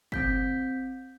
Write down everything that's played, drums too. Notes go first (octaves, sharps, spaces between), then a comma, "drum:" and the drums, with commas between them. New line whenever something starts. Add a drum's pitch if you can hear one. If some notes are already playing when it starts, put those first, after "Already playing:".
C4 G6 B6, drum: kick G1